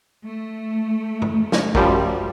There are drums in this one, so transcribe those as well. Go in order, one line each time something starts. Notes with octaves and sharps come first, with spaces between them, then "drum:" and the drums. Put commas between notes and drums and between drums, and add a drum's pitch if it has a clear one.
A3
drum: tom G2
drum: snare
F#2 F3 G3, drum: kick